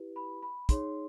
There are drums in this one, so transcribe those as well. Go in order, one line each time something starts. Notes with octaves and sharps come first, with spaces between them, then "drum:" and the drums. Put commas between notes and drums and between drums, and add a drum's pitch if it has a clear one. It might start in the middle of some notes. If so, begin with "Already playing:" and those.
Already playing: E4 G4 B4
B5
B5
D#4 G#4 C#5 C6, drum: kick, hi-hat